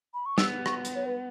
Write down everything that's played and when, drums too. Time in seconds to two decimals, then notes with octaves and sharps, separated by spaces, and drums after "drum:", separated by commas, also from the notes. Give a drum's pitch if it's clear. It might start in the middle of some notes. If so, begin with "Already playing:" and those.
0.14 B5
0.26 C#6
0.38 B3 E6, drum: snare
0.66 C#6, drum: rim click
0.85 drum: hi-hat
0.95 C#5
1.06 B4